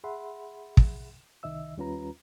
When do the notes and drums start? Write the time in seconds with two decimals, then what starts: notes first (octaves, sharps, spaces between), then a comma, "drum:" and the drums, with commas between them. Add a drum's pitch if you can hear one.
0.04 G#4 E5 F#5 B5 C6
0.77 drum: kick
1.43 C2 D#3 D#5 E5 E6
1.77 D#2 G3 C#4 F4 B4 A#5